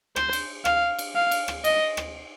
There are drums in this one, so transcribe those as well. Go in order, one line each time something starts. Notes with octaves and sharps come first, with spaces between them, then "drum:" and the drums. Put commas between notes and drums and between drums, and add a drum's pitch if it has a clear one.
C5, drum: rim click
drum: cymbal
F5, drum: rim click
drum: cymbal
F5
drum: cymbal
drum: rim click
D#5, drum: cymbal
drum: rim click